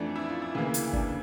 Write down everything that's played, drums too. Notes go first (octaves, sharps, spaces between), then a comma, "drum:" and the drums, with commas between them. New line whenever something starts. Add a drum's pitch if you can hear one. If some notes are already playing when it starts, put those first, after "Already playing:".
Already playing: F2 E3 A3 D4
E4
F4
E4
D2 C#3 E3 A#3 E4
drum: hi-hat
D4, drum: kick